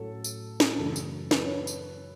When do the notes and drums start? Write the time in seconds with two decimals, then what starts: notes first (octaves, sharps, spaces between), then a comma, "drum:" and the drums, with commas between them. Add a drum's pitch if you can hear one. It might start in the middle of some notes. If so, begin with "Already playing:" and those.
Already playing: A2 F#3 C#4 A4
0.24 drum: tambourine
0.60 drum: snare
0.78 F#2 C#3 E3 A3 A4
0.96 drum: tambourine
1.31 B4, drum: snare
1.44 C#5
1.67 drum: tambourine